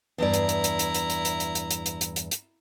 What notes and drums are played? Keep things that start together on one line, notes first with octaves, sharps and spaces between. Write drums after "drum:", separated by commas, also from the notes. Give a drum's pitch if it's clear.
E2 G2 E4 D5 A#5
drum: hi-hat
drum: hi-hat
drum: hi-hat
drum: hi-hat
drum: hi-hat
drum: hi-hat
drum: hi-hat
drum: hi-hat
drum: hi-hat
drum: hi-hat
drum: hi-hat
drum: hi-hat
drum: hi-hat
drum: hi-hat